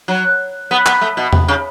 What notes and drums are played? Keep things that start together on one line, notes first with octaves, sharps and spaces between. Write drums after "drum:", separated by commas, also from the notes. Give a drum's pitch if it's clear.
F#3
B3
B3, drum: clap
A3
B2
drum: tom E2
C#3